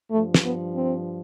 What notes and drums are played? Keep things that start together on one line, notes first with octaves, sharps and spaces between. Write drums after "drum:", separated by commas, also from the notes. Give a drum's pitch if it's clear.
G2 F3 A3
drum: snare
B3
C4